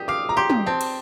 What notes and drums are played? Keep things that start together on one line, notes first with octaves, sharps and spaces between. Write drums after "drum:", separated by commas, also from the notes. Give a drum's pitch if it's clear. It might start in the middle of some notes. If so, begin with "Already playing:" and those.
Already playing: G4 D#6
F5 D6
A#5
G4 C6
drum: tom
C4 A5
drum: cymbal